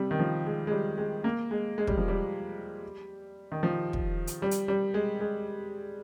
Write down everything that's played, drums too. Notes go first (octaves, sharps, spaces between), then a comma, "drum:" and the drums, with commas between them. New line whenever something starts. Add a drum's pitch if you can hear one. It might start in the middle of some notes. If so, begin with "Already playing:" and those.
Already playing: C3 G3
D#3
F3
G#3
G#3
G3
G#3
A#3
G#3
G#3
G3, drum: kick
F3
G3
D#3
F3
drum: kick
drum: hi-hat
G3
drum: hi-hat
G3
G#3
G#3